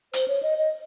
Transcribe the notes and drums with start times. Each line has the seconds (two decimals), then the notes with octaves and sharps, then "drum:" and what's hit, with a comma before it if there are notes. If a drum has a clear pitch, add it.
0.13 C5, drum: hi-hat
0.28 C#5
0.43 D#5
0.58 D#5